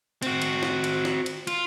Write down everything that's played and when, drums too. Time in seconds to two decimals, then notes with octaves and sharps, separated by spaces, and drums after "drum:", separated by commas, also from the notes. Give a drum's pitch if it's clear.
0.22 C4 F#4, drum: cymbal
0.42 drum: cymbal
0.63 drum: snare
0.84 drum: cymbal
1.05 drum: snare
1.26 drum: cymbal
1.47 F4, drum: cymbal